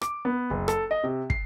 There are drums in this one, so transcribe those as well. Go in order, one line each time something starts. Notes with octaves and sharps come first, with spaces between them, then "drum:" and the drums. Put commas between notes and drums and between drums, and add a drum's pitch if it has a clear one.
D6, drum: rim click
B3
F#1
A4, drum: rim click
D#5
C3
C7, drum: kick